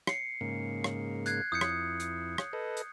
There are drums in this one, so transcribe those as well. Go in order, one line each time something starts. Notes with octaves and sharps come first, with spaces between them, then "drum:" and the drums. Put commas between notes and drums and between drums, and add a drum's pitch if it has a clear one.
C7 C#7, drum: rim click
G#2 C#3 A#3
drum: rim click
F#6 G#6 C7, drum: hi-hat
F2 E4 D#6 G6 C#7
drum: rim click
drum: hi-hat
drum: rim click
A4 B4 D#5
drum: hi-hat